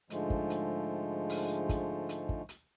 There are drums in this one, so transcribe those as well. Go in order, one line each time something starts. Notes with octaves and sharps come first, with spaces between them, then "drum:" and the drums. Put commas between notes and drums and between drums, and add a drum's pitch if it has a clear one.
G#2 D3 F3 G#3 A3, drum: hi-hat
drum: kick
drum: hi-hat
drum: open hi-hat
drum: kick, hi-hat
drum: hi-hat
drum: kick
drum: hi-hat